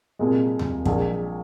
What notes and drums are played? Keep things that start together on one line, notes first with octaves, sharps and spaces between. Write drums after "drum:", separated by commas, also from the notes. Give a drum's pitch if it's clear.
C2 A#2 G#3
drum: tom D#2
A#1 A#2 G#3, drum: kick